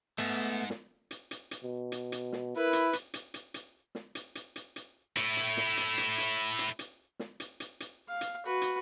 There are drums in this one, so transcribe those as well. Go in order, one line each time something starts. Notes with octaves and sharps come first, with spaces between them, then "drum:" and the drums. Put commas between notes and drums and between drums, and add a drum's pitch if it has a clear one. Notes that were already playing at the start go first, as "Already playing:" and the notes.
G#2 A3 B3
drum: snare
drum: hi-hat
drum: hi-hat
drum: hi-hat
B2
drum: hi-hat
drum: hi-hat
drum: snare
E4 A#4 B4
drum: hi-hat
drum: hi-hat
drum: hi-hat
drum: hi-hat
drum: hi-hat
drum: snare
drum: hi-hat
drum: hi-hat
drum: hi-hat
drum: hi-hat
A3 E4, drum: hi-hat
drum: hi-hat
drum: snare
drum: hi-hat
drum: hi-hat
drum: hi-hat
drum: hi-hat
drum: hi-hat
drum: snare
drum: hi-hat
drum: hi-hat
drum: hi-hat
F5
drum: hi-hat
F#4 B4
drum: hi-hat